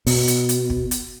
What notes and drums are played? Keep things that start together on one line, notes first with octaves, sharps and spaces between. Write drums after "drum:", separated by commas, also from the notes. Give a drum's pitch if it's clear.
B2, drum: open hi-hat
drum: hi-hat
drum: hi-hat
drum: kick
drum: hi-hat